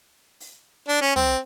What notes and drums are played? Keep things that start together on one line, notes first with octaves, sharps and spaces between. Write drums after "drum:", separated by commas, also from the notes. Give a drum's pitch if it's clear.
drum: open hi-hat
D4
C#4
C4, drum: tom